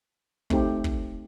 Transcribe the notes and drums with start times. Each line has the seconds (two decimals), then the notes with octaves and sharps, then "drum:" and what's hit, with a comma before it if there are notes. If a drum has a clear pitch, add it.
0.50 A3 C4 D#4 G4, drum: kick
0.84 drum: kick